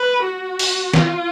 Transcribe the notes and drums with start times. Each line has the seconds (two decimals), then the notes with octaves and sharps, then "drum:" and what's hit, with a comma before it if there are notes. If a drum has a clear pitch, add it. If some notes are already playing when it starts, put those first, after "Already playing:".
Already playing: B4
0.24 F#4
0.59 drum: open hi-hat
0.94 F4, drum: snare